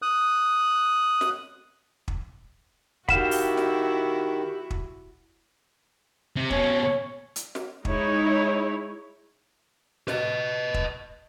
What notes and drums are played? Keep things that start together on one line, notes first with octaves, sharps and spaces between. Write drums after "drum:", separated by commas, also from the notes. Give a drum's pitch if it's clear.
D#6 F#6
drum: snare
drum: kick
D#3 E4 F#4 G4 F5 F#5 B5 E7, drum: kick
drum: open hi-hat
drum: snare
drum: kick
C3
B2 C#4 C#5, drum: kick
C#5
drum: hi-hat
drum: snare
G#3 D#4 E4 C#5, drum: kick
B4 D#5, drum: snare
drum: kick